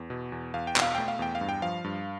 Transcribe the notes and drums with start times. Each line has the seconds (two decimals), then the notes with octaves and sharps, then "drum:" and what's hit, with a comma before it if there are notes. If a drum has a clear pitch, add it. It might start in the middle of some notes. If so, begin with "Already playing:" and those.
Already playing: E2
0.10 B2
0.32 E2
0.54 E2 F5
0.67 G5
0.76 B2, drum: clap
0.82 F5
0.95 A3 G5
1.08 F5
1.19 E2 G5
1.35 F5
1.41 G2
1.49 G5
1.62 F3 F5
1.84 G2